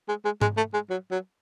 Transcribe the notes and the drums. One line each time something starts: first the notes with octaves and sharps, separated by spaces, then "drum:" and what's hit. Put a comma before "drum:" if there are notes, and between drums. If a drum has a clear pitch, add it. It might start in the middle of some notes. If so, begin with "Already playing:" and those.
G#3
G#3
G#3, drum: tom G#2
A3
G#3
F#3
F#3